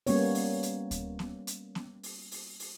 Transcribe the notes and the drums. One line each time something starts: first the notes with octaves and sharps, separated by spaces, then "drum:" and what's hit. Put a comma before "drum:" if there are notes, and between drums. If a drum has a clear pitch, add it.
G3 A#3 B3 C#4 C#5, drum: open hi-hat
drum: open hi-hat
drum: hi-hat
drum: kick D2, hi-hat
drum: snare B3
drum: hi-hat
drum: snare B3
drum: open hi-hat
drum: open hi-hat
drum: open hi-hat